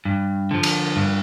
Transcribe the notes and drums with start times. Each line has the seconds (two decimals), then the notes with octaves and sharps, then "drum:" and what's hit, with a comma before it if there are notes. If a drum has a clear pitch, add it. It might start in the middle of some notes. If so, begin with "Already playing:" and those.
0.05 G2
0.51 D3 F3
0.63 drum: cymbal
0.96 G2